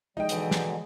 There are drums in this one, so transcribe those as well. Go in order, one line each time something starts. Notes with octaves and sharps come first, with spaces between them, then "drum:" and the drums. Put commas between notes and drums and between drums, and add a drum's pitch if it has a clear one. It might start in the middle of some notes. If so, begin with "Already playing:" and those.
F3 G3 G#3 D#4 D#5 G5
B2 D3 E3 F#3, drum: hi-hat
drum: snare